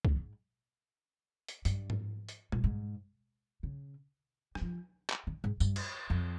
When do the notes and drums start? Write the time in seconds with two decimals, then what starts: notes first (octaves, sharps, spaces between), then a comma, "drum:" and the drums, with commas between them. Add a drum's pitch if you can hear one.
0.05 drum: kick
0.17 G#2
1.48 drum: hi-hat
1.65 G2, drum: hi-hat
1.90 drum: tom G#2
2.29 drum: hi-hat
2.52 A#2, drum: tom G3
2.64 G#2
3.63 C#3
4.55 G3, drum: rim click
4.62 F3
5.10 drum: clap
5.27 D#3
5.44 G#2
5.60 G2, drum: tambourine
5.76 drum: cymbal
6.10 F2